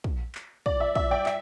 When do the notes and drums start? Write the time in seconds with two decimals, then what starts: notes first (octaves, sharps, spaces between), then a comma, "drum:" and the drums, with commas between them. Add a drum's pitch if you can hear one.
0.04 drum: kick
0.35 drum: clap
0.66 D5, drum: kick
0.80 E5
0.95 E5, drum: kick
1.11 D5 G5
1.26 E5, drum: clap